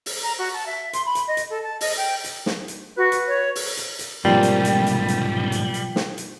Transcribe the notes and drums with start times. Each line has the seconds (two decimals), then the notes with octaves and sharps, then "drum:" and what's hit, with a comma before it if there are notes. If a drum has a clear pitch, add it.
0.06 drum: open hi-hat
0.23 A#5
0.38 F#4
0.53 A5
0.66 E5
0.93 C6, drum: hi-hat
1.05 B5
1.15 drum: hi-hat
1.27 D#5
1.37 drum: hi-hat
1.50 A4
1.63 A5
1.81 D#5, drum: open hi-hat
1.97 G5
2.24 drum: hi-hat
2.46 drum: snare
2.68 drum: hi-hat
2.97 F#4 B4
3.12 drum: hi-hat
3.28 C#5
3.55 drum: open hi-hat
3.77 drum: hi-hat
3.99 drum: hi-hat
4.25 B1 G#2 C3 F3 G3 A#3 F4 G5
4.43 drum: hi-hat
4.65 drum: hi-hat
4.87 drum: hi-hat
5.08 drum: hi-hat
5.52 drum: hi-hat
5.74 drum: hi-hat
5.96 drum: snare
6.18 drum: hi-hat